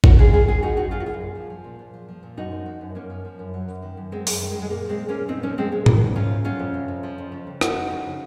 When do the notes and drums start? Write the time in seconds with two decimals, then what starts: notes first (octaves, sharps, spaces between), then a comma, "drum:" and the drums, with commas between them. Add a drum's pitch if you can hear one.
0.04 F3 F#4 A#4, drum: kick G#1
0.18 F#2 F4 G#4
0.33 C#3 F4 G#4
0.48 F#2 F4 G#4
0.62 F3 D#4 F#4
0.77 F#2 D#4 F#4
0.91 C#3 F4 G#4
1.00 F#4
1.06 F#2 F4 G#4
1.21 A#2
1.35 F3
1.50 F3
1.64 A#2
1.79 A#2
1.94 F3
2.08 F3
2.23 A#2
2.37 F#2 D#4 F#4
2.51 F3
2.66 F3
2.81 F#2
2.95 F#2 A#3 C#4
3.10 F3
3.25 F3
3.39 F#2
3.54 F#3
3.68 F#2
3.82 D#3
3.97 F#2
4.12 F#3 G#3 C4
4.27 F#2, drum: open hi-hat
4.41 D#3
4.51 G#3
4.55 F#2
4.62 G#3
4.70 A#2 A#3
4.85 F3 G#3 C4
4.99 F3
5.08 A#3 C#4
5.14 A#2
5.28 A#2 C4 D#4
5.43 F3 A#3 C#4
5.58 F3 G#3 C4
5.72 A#2 G#3
5.86 F#3 A#3, drum: tom G#2
6.02 F2
6.16 C3 C#4 F4
6.31 F2
6.44 F#3 C#4 F4
6.59 F2
6.74 C3
6.88 F2
7.03 F3
7.18 F2
7.32 C#3
7.47 F2
7.61 F3 D#4 F#4, drum: rim click
7.76 F2
7.91 C#3